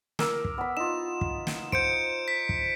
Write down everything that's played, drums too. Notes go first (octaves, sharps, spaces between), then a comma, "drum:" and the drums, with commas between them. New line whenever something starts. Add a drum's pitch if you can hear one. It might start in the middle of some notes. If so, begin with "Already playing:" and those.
A#4 D6 E6, drum: snare
drum: kick
B3 B5
D#4 F4 E7
drum: kick
drum: snare
C5 G6 C#7 D7, drum: kick
B6
drum: kick